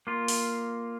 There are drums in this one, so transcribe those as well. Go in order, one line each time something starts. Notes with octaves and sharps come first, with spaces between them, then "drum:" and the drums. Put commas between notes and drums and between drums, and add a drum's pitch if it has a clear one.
A#3 F4
drum: open hi-hat